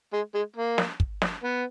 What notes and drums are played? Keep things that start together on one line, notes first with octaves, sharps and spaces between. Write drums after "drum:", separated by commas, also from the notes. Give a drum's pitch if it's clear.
G#3
G#3
A#3
drum: snare
drum: kick
drum: snare
B3